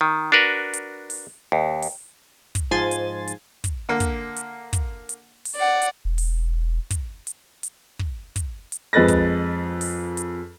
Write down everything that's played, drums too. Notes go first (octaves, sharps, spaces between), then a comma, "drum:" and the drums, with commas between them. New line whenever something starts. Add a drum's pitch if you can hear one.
D#3
D4 F#4 A#4 B4
drum: hi-hat
drum: open hi-hat
D#2
drum: open hi-hat
drum: kick, hi-hat
G#2 F3 G#5 C6 A6
drum: hi-hat
drum: hi-hat
drum: kick, hi-hat
D3 A#3
drum: kick, hi-hat
drum: hi-hat
drum: kick, hi-hat
drum: hi-hat
drum: open hi-hat
D5 F#5
drum: hi-hat
E1
drum: open hi-hat
drum: kick, hi-hat
drum: hi-hat
drum: hi-hat
drum: kick
drum: kick, hi-hat
drum: hi-hat
F2 G#3 B4 A6 A#6
drum: kick, hi-hat
drum: open hi-hat
drum: hi-hat